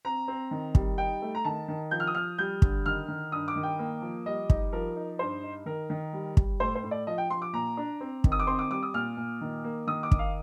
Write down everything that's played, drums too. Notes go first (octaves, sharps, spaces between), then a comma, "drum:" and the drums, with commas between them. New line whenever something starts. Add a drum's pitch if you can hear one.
C4 A#5
C4
D#3
G3, drum: kick
D#4 G5
A3
A#5
D#3 A5
D#3
F3 G6
F6
D#6
F3 F6
G3 G6
D3, drum: kick
D#3 F6
D#3
G2 D#6
D6
D#3
G5
A#3
F3
G3 D#5
D#4, drum: kick
F3 A#4
D#4
G2 C5
D#4
D#3 A#4
D#3
G3
G3, drum: kick
A2 C5
C5
A2
D5
F3 D#5
G5
F3 C6
D6
A#2 A#5
D4
C4
D#3, drum: kick
D#6
D6
C4 C6
D6
G3 D6
D#6
A#2 F6
A#2
D#3
A#3
D#3 D#6
D6
D#3, drum: kick
F5